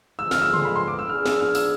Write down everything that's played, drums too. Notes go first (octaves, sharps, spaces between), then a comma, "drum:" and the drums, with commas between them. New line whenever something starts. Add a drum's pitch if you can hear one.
E2 D3 F3 G#3 B3 E6
F6, drum: snare
E6
C6, drum: tom C#3
B5
C6
D6
E6
F3 B3 D4 G#4 F6
E6, drum: snare
F6
E6, drum: open hi-hat